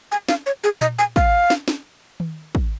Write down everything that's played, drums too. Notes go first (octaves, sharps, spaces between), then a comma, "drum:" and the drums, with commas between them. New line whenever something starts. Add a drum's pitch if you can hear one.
G#5
F5, drum: snare
C#5
G#4
D#5, drum: tom A#2
G#5
F5, drum: kick
drum: snare
drum: snare
drum: tom D#3
drum: kick